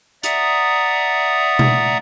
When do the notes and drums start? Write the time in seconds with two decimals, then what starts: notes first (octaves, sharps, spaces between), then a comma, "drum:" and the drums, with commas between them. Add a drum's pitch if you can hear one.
0.23 D5 E5 F#5 A#5 D#6, drum: hi-hat
1.59 drum: tom B2